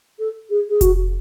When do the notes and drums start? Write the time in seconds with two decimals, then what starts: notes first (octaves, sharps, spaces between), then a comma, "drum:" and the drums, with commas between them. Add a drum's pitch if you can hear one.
0.19 A4
0.50 G#4
0.69 G#4
0.81 F#4, drum: kick F1, hi-hat